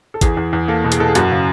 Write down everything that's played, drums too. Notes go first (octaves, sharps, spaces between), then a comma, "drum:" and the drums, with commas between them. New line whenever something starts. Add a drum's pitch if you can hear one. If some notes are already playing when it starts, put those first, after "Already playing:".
A4
E2 G#4, drum: kick, hi-hat
E2
E2
A#3 A4
B2
G#4, drum: hi-hat
B2 A4
G#4
F#2 F#4, drum: hi-hat
C#3